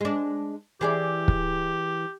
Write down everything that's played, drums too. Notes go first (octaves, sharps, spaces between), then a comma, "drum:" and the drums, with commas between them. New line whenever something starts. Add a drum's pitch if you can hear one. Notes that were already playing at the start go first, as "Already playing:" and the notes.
G#3 D4
E3 G4 G#4 D5
drum: kick